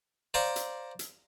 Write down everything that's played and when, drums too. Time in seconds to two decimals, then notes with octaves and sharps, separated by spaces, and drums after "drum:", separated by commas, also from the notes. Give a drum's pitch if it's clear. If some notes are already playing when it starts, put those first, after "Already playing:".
0.34 C5 D5 F5 A#5 C#6 D6
0.56 drum: hi-hat
0.99 drum: hi-hat